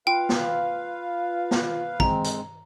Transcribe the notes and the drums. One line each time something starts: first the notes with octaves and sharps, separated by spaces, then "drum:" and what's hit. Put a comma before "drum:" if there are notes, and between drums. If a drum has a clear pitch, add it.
F4 B4 F5 G5
drum: snare
drum: snare
G#3 C4 A#5, drum: kick
drum: hi-hat